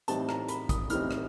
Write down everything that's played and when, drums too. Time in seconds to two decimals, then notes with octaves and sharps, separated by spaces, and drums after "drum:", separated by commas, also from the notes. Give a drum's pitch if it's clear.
0.08 A2 E3 G3 C4 D#4 A5, drum: hi-hat
0.29 A#5, drum: rim click
0.48 B5, drum: hi-hat
0.69 D#6, drum: kick, hi-hat
0.90 A2 E3 G3 C4 D#4 F6, drum: hi-hat
1.11 drum: rim click